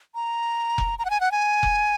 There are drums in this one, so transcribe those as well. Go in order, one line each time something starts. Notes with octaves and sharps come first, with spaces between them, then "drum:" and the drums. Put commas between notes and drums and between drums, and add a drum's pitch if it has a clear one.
A#5
drum: kick F1
A#5
F#5
G#5
F#5
G#5
drum: kick F1